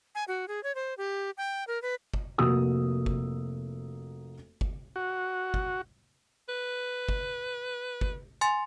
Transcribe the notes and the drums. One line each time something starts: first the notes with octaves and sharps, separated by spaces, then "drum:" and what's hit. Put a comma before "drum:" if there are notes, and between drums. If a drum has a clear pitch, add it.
G#5
F#4
G#4
C#5
C5
G4
G5
A#4
B4
drum: kick G1
F1 A#3 F#4 D#6 E6
drum: kick G1
drum: kick G1
F#4
drum: kick G1
B4
drum: kick G1
drum: kick G1
G#5 C6 A6